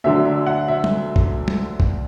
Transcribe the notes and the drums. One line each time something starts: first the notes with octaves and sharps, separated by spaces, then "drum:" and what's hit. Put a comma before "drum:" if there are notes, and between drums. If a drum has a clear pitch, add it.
D2 D3 F#3 E5
E5
F#5
E5
drum: tom
drum: kick
drum: tom
drum: kick